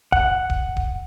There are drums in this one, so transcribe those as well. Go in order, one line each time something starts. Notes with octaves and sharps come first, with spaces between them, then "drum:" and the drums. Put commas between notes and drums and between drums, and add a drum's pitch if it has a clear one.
F#5, drum: kick D1
drum: kick D1
drum: kick D1